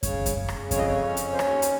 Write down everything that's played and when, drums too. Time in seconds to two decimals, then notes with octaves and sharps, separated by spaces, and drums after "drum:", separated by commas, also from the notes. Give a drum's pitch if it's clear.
0.03 C#3 C#5, drum: kick F#2, hi-hat
0.26 drum: kick F#2, hi-hat
0.37 C#3
0.48 drum: rim click
0.71 F2 C#5, drum: kick F#2, hi-hat
0.79 D#5
0.87 C#5
1.05 C#4
1.17 drum: hi-hat
1.33 C5
1.39 D#2 C#5, drum: rim click
1.62 drum: hi-hat